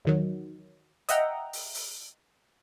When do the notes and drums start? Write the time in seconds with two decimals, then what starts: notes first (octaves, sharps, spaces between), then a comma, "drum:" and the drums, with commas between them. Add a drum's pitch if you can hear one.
0.05 E2 D#3 F#3
1.09 D#5 E5 F#5 G5 A#5, drum: hi-hat
1.53 drum: open hi-hat
1.74 drum: open hi-hat